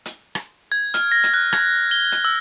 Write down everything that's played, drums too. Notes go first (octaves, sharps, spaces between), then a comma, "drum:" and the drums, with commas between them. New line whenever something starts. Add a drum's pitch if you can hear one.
drum: hi-hat
drum: rim click
G#6
F6, drum: hi-hat
A#6
drum: hi-hat
F#6
G#6, drum: rim click
G7
drum: hi-hat
E6